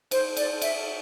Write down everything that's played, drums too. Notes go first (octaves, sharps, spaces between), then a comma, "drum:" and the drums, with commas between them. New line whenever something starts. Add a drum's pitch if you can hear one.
C5, drum: cymbal
D5, drum: cymbal
E5, drum: cymbal